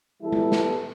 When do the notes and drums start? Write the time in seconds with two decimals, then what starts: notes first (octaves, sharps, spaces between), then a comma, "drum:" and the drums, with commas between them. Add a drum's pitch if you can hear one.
0.22 E3 G3 B3 E4 A4
0.32 drum: tom G#3
0.52 drum: snare